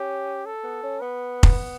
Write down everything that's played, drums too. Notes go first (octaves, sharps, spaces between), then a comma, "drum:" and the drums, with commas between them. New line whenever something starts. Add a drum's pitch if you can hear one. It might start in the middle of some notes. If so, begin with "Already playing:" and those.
Already playing: C#4 G4
A4
B3
C#4
B3 B4
drum: kick F1